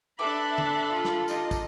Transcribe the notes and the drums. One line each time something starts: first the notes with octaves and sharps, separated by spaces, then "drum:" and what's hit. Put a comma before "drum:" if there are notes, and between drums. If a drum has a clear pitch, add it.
D4 G4 A4 B4 E5 B5 D6 F#6
drum: tom D3
F4
drum: snare
D4 D#4 G4 D#5, drum: tambourine
drum: kick, tambourine